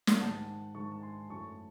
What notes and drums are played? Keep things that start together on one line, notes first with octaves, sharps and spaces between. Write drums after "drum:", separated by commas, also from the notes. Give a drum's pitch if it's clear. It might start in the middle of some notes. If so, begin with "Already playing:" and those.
drum: snare
G#2 D#3 G#3 F#5 A5
G#2 D#3 G#3 A5 C#6
A5
G#5 C6
F#2 E3 A3 A5 C#6